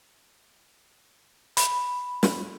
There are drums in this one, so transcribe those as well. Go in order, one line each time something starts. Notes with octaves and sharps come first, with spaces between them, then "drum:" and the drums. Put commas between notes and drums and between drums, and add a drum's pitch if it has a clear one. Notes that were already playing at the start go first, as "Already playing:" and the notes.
B5, drum: hi-hat
drum: snare